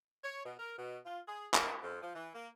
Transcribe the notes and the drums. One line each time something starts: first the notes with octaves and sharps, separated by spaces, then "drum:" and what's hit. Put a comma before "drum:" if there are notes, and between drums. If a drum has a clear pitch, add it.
C#5
B2
A#4
B2
F4
G#4
A#3, drum: clap
F2
F3
E3
A#3